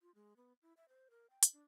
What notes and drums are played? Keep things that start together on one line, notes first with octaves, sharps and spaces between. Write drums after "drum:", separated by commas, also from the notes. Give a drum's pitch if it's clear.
F4
G#3
B3
E4
E5
C5
A#4
G5
drum: hi-hat
D4